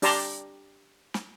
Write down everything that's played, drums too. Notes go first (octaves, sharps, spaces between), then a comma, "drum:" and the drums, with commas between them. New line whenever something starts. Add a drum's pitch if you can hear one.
D4 G4 D5 A5 A#5 C6, drum: open hi-hat
drum: snare